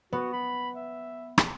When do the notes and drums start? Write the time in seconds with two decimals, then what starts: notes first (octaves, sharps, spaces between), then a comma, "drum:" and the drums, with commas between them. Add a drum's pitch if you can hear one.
0.13 B3 F#4
0.33 B5
0.75 E5
1.38 drum: rim click